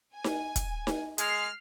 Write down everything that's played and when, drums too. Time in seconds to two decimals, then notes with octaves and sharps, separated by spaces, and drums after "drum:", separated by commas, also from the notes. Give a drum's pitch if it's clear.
0.12 G#5
0.24 drum: snare D#4
0.56 drum: kick, hi-hat
0.87 drum: snare D#4
1.18 G#3 F6 C7, drum: hi-hat